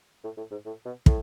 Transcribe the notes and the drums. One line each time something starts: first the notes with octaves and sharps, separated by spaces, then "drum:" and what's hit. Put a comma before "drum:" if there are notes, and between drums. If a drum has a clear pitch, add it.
A2
A2
G#2
A2
B2
A2, drum: kick